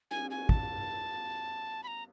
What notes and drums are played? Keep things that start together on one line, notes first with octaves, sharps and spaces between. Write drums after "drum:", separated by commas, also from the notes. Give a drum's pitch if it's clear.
G#5, drum: cymbal
G#5
A5, drum: kick
B5
A#5